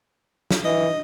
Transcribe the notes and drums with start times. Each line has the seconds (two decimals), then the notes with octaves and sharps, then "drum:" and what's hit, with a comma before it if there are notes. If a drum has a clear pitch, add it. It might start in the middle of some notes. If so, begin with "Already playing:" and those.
0.51 drum: snare
0.65 E3 D#5